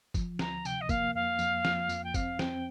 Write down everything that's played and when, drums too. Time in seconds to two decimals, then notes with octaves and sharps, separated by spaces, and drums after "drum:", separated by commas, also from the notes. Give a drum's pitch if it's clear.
0.14 F3, drum: kick, tambourine
0.39 D2 A#5, drum: snare
0.65 C3 G5, drum: tambourine
0.81 D#5
0.89 A#3 F5, drum: kick, tambourine
1.14 F2 F5
1.39 F2, drum: tambourine
1.65 F3, drum: snare
1.89 F2, drum: tambourine
2.04 G5
2.14 C4 F5, drum: kick, tambourine
2.39 C4 G5, drum: snare